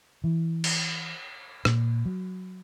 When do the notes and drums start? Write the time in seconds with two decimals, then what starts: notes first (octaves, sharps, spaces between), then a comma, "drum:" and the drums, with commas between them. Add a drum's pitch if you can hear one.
0.24 E3
0.64 drum: cymbal
1.65 A#2, drum: rim click
2.06 F#3